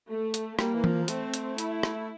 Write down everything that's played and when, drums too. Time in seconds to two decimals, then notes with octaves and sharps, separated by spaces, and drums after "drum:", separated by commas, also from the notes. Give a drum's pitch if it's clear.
0.09 A3
0.34 drum: hi-hat
0.59 G3 A#3, drum: rim click
0.75 E3
0.84 F3, drum: tom E3
1.08 A3 C4, drum: hi-hat
1.34 drum: hi-hat
1.58 E4, drum: hi-hat
1.83 drum: rim click